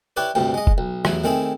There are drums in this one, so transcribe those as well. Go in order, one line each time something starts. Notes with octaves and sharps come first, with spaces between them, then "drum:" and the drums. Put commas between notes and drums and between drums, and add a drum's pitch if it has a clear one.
E4 G4 B4 C#5 D5
D2 G2 C3 G3
G#3 D#5
drum: kick
B1
A1 E2 F#3 E4, drum: rim click
D#3 A3 C4 E4 G#4